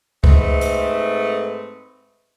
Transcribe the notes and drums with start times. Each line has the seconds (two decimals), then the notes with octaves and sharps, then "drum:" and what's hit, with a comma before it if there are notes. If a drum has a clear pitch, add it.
0.24 G#2 A3 C4 B4 D#5, drum: kick C#2
0.61 drum: hi-hat